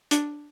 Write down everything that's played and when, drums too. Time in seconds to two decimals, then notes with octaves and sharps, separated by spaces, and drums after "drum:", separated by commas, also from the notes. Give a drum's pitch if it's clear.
0.11 D4, drum: hi-hat